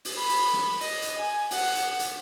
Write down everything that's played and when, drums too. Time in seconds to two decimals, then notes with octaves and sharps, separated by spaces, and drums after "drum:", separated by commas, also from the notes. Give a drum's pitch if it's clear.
0.05 drum: open hi-hat
0.17 B5
0.29 drum: open hi-hat
0.53 drum: snare
0.81 D#5, drum: open hi-hat
1.02 drum: hi-hat
1.18 G#5
1.51 F#5, drum: open hi-hat
1.75 drum: hi-hat
1.99 drum: hi-hat